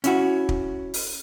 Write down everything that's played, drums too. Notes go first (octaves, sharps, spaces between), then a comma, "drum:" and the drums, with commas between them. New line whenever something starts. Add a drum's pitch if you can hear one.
C#4 E4 F#4, drum: hi-hat
drum: kick
drum: open hi-hat